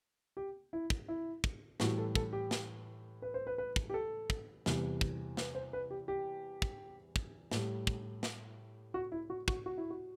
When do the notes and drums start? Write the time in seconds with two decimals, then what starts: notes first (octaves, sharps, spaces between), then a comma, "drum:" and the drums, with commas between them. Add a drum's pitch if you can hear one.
0.37 G4
0.73 E4
0.90 drum: kick
1.08 E4
1.44 drum: kick
1.80 A2 E3 G3 F#4, drum: snare
1.98 A4
2.15 A4, drum: kick
2.33 G4
2.51 drum: snare
3.22 B4
3.34 C5
3.47 B4
3.58 B4
3.76 drum: kick
3.90 G4
3.94 A4
4.30 drum: kick
4.66 E2 C3 E3 G3, drum: snare
5.01 drum: kick
5.37 B4, drum: snare
5.55 C5
5.73 B4
5.91 G4
6.08 G4
6.62 drum: kick
7.16 drum: kick
7.51 A2 G3, drum: snare
7.87 drum: kick
8.23 drum: snare
8.94 F#4
9.12 E4
9.30 F#4
9.48 F#4, drum: kick
9.66 F#4
9.78 E4
9.90 F#4